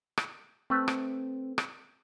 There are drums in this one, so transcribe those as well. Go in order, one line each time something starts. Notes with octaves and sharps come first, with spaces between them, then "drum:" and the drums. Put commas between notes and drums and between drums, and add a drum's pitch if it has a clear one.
drum: rim click
A3 C4 B4
drum: rim click
drum: rim click